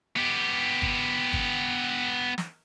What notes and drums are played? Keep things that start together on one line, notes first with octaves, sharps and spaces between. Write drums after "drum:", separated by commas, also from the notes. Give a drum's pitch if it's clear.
B3 G4
drum: kick
drum: kick
drum: snare